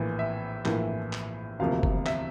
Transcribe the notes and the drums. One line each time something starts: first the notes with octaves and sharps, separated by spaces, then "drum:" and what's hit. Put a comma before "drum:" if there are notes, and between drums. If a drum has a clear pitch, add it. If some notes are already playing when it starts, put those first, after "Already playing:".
Already playing: A#1 A2 E3 A#3
E5
A#1 A2 E3 A#3, drum: clap
drum: clap
E1 D2 C3 F3 A#3 F5
drum: kick F#1
E5, drum: clap